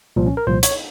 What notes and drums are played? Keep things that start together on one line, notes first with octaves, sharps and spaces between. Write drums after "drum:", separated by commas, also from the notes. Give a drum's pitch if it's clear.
C2 A#2 F3
C#4
A#4
C2 A#2 F3 C5
C#5, drum: hi-hat